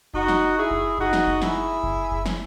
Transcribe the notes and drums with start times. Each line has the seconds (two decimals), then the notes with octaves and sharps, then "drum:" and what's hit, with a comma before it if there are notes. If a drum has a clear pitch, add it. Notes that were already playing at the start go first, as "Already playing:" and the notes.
0.14 D#4 F#4, drum: kick F#1
0.28 drum: snare
0.57 E4 G#4
0.71 drum: kick F#1
0.98 D#4 F#4, drum: kick F#1
1.13 drum: snare
1.27 drum: kick F#1
1.42 E4 G#4, drum: snare
1.83 drum: kick F#1
2.12 drum: kick F#1
2.26 drum: snare